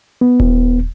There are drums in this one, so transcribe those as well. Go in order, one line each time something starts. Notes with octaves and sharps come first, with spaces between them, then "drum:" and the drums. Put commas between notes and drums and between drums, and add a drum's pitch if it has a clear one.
B3
drum: kick D#1